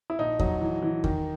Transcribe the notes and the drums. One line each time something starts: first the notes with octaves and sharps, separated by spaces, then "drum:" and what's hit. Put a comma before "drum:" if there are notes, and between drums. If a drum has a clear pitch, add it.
E4
A#1 D#4
F#3 D#4, drum: kick E2
E3
E3
D#3, drum: kick E2